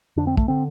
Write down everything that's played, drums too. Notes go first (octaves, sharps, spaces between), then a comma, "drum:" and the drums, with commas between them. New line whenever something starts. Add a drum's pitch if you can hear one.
F2 D3 D4
C4
A3, drum: kick
D3 C4